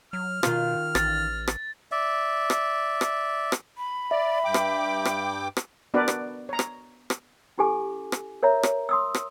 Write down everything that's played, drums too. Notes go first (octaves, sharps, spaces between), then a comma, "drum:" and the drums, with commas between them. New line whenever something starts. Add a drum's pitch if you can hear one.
F#3 F6
B2 D#3 F4, drum: rim click
A1 A6, drum: rim click
drum: rim click
D5 E5
drum: rim click
drum: rim click
drum: rim click
B5
D5 E5
G2 G5 D6
drum: rim click
drum: rim click
drum: rim click
B3 D4 F#4 A#4 B4 D5
drum: rim click
C#5 A#5
drum: rim click
drum: rim click
C#4 E4 G4 A4 G#5 D6
drum: rim click
A#4 C#5 E5 A#5
drum: rim click
C6 D#6 E6
drum: rim click